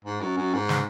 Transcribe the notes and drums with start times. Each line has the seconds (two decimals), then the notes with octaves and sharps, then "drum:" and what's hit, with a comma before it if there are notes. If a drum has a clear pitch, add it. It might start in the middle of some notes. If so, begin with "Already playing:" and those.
0.05 G#2
0.21 F#2
0.37 F#2
0.54 G#2
0.69 drum: snare